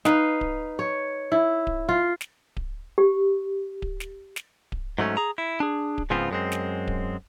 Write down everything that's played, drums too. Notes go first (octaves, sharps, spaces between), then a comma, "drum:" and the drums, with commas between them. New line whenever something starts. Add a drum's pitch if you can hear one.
D#4 B4 F5, drum: snare
drum: kick D1
C#5
E4
drum: kick D1
F4
drum: snare
drum: kick D1
G4
drum: kick D1
drum: snare
drum: snare
drum: kick D1
G#2 F#3 A3 C#4
G#4 A#5
E4
D4 G#4
drum: kick D1
G#2 C#3 F3 B3 C4 F4
F#2 G#3 C4
drum: snare
drum: kick D1